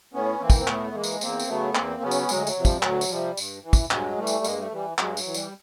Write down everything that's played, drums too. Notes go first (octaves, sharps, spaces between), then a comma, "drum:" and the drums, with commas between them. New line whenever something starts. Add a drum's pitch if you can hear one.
A2 B3 C#4
E3 A#3 C4
drum: kick, tambourine
C4
A2 A3 B3, drum: clap
A3
E3 G#3 A#3
drum: tambourine
E2 A#3 C4, drum: tambourine
drum: tambourine
C#3 F#3 A3 B3
E2 A#3 C4, drum: clap
C#3 F#3 B3 C#4
drum: tambourine
D2 F#3 G#3, drum: tambourine
F#3, drum: tambourine
C3 F3
G3, drum: kick, tambourine
G3
D2 F#3, drum: clap
drum: tambourine
C3 F3 G3
G2, drum: tambourine
E3
drum: kick, tambourine
G2 F#3 G#3, drum: clap
E3 G3 A3
drum: tambourine
G2 G#3 A#3, drum: tambourine
G3 A3
E3 G3
G2 F#3 G#3, drum: clap
F#3, drum: tambourine
E3
G3, drum: tambourine